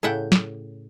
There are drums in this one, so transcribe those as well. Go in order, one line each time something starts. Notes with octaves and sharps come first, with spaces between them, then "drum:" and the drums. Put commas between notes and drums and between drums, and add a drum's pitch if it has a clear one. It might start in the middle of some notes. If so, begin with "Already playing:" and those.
A2 C#3 E5 F#5 G5
drum: snare